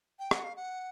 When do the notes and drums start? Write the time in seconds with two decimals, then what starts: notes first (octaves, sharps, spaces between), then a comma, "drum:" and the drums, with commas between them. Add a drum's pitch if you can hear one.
0.19 G5
0.31 F#5, drum: rim click
0.44 F5
0.56 F#5